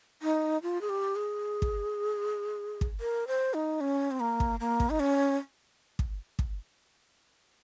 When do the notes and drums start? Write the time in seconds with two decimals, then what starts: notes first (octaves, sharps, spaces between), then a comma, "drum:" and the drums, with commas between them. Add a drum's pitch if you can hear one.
0.22 D#4
0.63 F4
0.81 G#4
0.89 G4
1.16 G#4
1.62 drum: kick
2.81 drum: kick
3.00 A#4
3.27 C5
3.54 D#4
3.81 C#4
4.11 C4
4.20 A#3
4.40 drum: kick
4.60 A#3
4.80 drum: kick
4.90 D#4
5.00 C#4
5.99 drum: kick
6.39 drum: kick